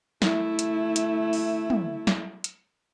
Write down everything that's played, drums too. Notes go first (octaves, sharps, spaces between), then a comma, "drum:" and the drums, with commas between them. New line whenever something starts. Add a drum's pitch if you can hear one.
A3 E4, drum: snare
drum: hi-hat
drum: hi-hat
drum: open hi-hat
drum: tom
drum: snare
drum: hi-hat